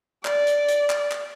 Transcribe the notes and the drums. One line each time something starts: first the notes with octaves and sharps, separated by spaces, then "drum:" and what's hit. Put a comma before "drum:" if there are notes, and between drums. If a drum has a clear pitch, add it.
D5, drum: clap
drum: hi-hat
drum: hi-hat
drum: clap
drum: clap